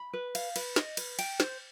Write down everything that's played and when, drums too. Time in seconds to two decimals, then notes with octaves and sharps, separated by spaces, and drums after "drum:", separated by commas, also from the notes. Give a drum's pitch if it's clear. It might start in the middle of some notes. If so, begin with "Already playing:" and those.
Already playing: B5
0.13 B4
0.35 F5, drum: cymbal
0.56 B4, drum: cymbal
0.76 D#5, drum: snare
0.97 B4, drum: cymbal
1.19 G5, drum: cymbal
1.40 C5, drum: snare